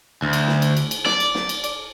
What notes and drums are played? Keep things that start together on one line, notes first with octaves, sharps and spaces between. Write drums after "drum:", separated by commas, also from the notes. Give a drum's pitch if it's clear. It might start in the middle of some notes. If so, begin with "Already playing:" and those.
D2
drum: cymbal
drum: snare
drum: cymbal
drum: cymbal
drum: cymbal
D5, drum: snare
drum: cymbal
drum: snare
drum: cymbal
drum: cymbal